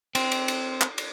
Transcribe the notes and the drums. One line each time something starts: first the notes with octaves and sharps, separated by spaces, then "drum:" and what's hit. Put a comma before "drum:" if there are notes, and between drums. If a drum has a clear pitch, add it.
C4, drum: cymbal
drum: cymbal
drum: cymbal
drum: clap
drum: cymbal